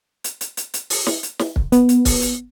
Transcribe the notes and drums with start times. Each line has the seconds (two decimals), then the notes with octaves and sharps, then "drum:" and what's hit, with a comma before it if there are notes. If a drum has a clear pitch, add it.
0.24 drum: hi-hat
0.41 drum: hi-hat
0.57 drum: hi-hat
0.74 drum: hi-hat
0.90 drum: open hi-hat
1.07 drum: snare
1.23 drum: hi-hat
1.39 drum: snare
1.56 drum: kick
1.72 B3, drum: hi-hat
1.89 drum: hi-hat
2.05 drum: kick, open hi-hat
2.22 drum: hi-hat